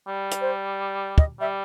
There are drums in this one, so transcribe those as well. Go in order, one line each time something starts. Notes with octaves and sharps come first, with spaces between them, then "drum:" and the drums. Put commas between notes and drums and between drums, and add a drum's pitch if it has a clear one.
G3
drum: hi-hat
C5
D#5, drum: kick
G3 E5